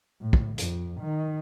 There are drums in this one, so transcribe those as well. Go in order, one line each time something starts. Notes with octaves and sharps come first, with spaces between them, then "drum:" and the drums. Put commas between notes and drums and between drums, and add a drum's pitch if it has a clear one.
A2
drum: kick
F2, drum: hi-hat
D#3